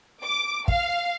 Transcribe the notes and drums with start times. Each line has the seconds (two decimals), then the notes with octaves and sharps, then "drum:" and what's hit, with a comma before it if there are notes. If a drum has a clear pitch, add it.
0.23 D6
0.68 F5, drum: kick